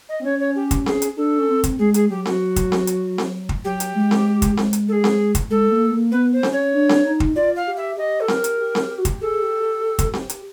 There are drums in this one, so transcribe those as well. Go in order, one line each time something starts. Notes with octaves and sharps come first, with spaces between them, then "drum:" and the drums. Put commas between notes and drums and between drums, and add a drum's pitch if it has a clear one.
D#5
C4
C#4 C#5
C#5
G4
drum: kick, hi-hat
G#4, drum: snare C4
drum: hi-hat
D4 A4
C#4
C4
drum: kick, hi-hat
G#3 G#4
G#4, drum: hi-hat
F#3 G4
F#4, drum: snare C4
drum: kick, hi-hat
drum: snare C4
drum: hi-hat
drum: snare C4
drum: kick
F#3 G4
drum: hi-hat
G#3
drum: snare C4
drum: kick, hi-hat
drum: snare C4
drum: hi-hat
A4
G#4
drum: snare C4
drum: kick, hi-hat
G#3 A4
A#3
A#3
B3 B4
C5
C#4, drum: snare C4
C#5
D4
drum: snare C4
D#4
drum: kick
F4 D5
F5
G4
E5
G4 D#5
A4
G4 A#4, drum: snare C4
drum: hi-hat
G4
drum: snare C4
G4
F#4
G4, drum: kick, hi-hat
G#4 A4
G4
G4
G4
drum: kick, hi-hat
G4, drum: snare C4
drum: hi-hat